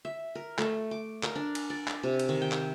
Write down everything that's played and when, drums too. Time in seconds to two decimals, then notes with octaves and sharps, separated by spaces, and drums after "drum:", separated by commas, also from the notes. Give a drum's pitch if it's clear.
0.05 E5
0.35 A#4
0.58 A3, drum: clap
0.91 D6
1.23 A#4, drum: clap
1.35 D4
1.55 drum: cymbal
1.70 D5
1.87 drum: clap
2.03 C3
2.19 drum: cymbal
2.29 D#3
2.42 G5
2.52 drum: clap